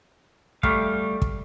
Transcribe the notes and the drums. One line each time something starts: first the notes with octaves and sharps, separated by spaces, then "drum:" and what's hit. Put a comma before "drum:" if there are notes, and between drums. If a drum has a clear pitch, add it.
G3 A3 F5, drum: kick
drum: kick